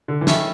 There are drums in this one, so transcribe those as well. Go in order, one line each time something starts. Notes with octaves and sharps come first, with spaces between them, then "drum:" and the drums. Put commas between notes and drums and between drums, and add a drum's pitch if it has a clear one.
D3
E3
D#3 A3 C#4 E4 A4, drum: snare